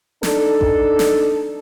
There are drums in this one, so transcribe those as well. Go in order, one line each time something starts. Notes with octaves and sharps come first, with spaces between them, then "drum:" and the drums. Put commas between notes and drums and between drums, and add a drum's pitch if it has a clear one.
D4 D#4 A4, drum: snare
drum: kick A1
drum: snare